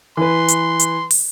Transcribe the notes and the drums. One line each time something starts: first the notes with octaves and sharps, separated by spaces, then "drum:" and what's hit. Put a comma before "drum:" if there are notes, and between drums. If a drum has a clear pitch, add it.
E3 B4 C6
drum: hi-hat
drum: hi-hat
drum: open hi-hat